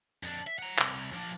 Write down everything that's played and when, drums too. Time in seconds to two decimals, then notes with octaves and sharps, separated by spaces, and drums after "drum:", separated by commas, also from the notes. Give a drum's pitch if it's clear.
0.23 F2 D4
0.47 E5
0.59 F#5 A#5
0.79 C2, drum: clap
1.13 F3 D4